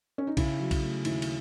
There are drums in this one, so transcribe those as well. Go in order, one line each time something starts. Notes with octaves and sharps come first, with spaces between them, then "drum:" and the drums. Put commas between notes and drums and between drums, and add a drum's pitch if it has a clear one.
C#4
D#4
C#3 E4, drum: kick A#1, cymbal
F#3
drum: kick A#1, cymbal
A3
D#2 E4, drum: cymbal
drum: cymbal